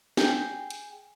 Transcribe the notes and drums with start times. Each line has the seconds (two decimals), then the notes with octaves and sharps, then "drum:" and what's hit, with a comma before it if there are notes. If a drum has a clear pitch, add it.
0.17 G#4 G5, drum: snare
0.70 drum: hi-hat